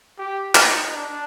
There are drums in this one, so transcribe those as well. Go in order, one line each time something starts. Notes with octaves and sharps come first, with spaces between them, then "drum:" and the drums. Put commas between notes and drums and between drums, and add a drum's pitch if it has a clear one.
G4
D#4, drum: clap
D4